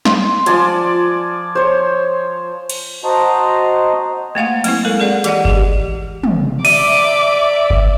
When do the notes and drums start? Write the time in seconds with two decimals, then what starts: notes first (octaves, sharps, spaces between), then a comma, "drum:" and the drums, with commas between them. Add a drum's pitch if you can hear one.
0.05 C6, drum: snare
0.46 F3 D5 G#5 A5, drum: hi-hat
1.55 C5 C#5
2.70 drum: cymbal
3.04 F#4 C5 D#5 A5 A#5
4.35 A3 A#3 F5 F#5
4.64 F#3 C4 E4, drum: cymbal
4.85 G#3 A4 A#4
5.00 G#4 A#4 D5 F#5
5.24 E3 G4 D5 D#5 F#5, drum: hi-hat
5.45 G4 G#4, drum: kick G1
6.24 drum: tom
6.65 D5 E5 D6 D#7, drum: cymbal
7.70 drum: kick G1